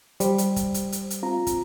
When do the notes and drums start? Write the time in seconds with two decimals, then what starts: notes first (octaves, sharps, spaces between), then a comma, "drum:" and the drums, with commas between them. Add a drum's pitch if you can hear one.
0.20 G3 C5, drum: hi-hat
0.38 drum: hi-hat
0.56 drum: kick, hi-hat
0.74 drum: hi-hat
0.92 drum: hi-hat
1.10 drum: hi-hat
1.23 C4 F4 A#5
1.47 drum: kick, hi-hat